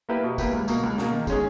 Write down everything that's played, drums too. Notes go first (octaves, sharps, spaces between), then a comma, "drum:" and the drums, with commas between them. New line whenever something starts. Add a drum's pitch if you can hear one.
A#3 E4 G4 B4
B2
A#3 E4 G4 B4, drum: kick, tambourine
C#2
B2 A#3, drum: tambourine
C#2
B2 A#3, drum: snare
D#3
G#3 C#4 G#4, drum: kick, tambourine